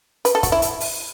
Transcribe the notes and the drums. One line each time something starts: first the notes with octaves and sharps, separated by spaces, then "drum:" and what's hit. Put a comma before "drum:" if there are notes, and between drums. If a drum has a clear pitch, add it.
B4, drum: hi-hat
A4
F#4, drum: kick, hi-hat
E4
drum: hi-hat
drum: open hi-hat